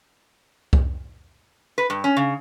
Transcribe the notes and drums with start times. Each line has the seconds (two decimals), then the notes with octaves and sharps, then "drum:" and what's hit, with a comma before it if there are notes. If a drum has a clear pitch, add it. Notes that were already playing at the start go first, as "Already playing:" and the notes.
0.73 drum: kick C2
1.78 B4
1.90 G2
2.04 C#4
2.17 C#3